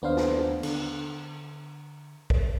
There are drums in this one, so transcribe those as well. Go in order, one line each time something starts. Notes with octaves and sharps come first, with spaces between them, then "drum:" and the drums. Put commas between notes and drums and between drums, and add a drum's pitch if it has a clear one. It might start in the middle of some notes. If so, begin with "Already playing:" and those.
D#2 B3 D4 C5 F5
drum: snare
D3, drum: cymbal
drum: kick